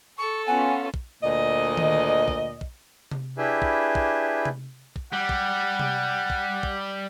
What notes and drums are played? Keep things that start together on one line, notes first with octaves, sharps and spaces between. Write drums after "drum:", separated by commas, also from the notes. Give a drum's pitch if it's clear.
A4 C#6
B3 C#4 F4 F#5 G#5
drum: kick
D2 A#2 D5 D#5
drum: tom D#3
drum: kick
drum: kick
drum: tom C3
D4 E4 G4 G#4 B4 E5
drum: kick
drum: kick
drum: tom C3
drum: kick
G3 F#5
drum: kick
drum: tom C3
drum: kick
drum: kick